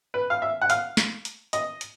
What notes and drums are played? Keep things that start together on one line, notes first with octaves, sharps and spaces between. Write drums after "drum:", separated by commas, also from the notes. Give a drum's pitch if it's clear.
B4
F5
E5
F#5
F5, drum: hi-hat
drum: snare
drum: hi-hat
D#5, drum: hi-hat
drum: hi-hat